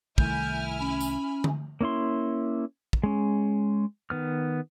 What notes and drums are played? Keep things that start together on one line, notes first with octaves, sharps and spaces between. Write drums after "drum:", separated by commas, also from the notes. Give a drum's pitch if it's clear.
C2 D#3 A3 E4 G#5 F6 G6, drum: kick
C#4 B5
drum: tambourine
drum: tom D3
A#3 C#4 E4 C6
drum: kick
G#3 C#4
D#3 B3 F6